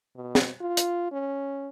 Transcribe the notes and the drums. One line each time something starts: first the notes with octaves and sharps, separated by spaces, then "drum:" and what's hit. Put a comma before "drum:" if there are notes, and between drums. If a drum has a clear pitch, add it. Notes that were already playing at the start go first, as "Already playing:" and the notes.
B2
drum: snare
F4
drum: hi-hat
C#4